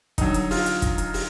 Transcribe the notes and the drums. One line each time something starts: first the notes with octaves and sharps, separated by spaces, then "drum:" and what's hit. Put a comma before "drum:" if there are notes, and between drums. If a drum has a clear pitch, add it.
D3 F#3 D#4, drum: kick, hi-hat
drum: hi-hat
F4, drum: open hi-hat
drum: hi-hat
drum: kick, hi-hat
drum: hi-hat
drum: open hi-hat